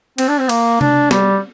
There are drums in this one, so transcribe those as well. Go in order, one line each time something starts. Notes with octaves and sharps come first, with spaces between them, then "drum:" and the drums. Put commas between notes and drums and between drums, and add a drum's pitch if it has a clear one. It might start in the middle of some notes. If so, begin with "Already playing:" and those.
C4, drum: cymbal
D4
C4
A#3, drum: cymbal
D4, drum: tom C3
G3, drum: snare